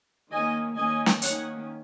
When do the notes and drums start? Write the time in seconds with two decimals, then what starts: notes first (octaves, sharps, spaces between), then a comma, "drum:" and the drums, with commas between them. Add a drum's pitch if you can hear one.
0.32 D#3 A#3 C#4 D#5 G#5
0.77 D#3 A#3 C#4 D#5 G#5
1.06 drum: snare
1.22 D#3 A#3 C#4 C#5 F#5, drum: hi-hat